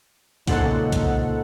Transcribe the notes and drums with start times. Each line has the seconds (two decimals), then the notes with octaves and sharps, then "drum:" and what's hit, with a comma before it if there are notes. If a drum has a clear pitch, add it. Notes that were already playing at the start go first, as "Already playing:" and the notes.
0.48 C#2 A#2 C#3 D#4 A4 C5 F#5, drum: kick B1, open hi-hat
0.92 drum: kick B1, hi-hat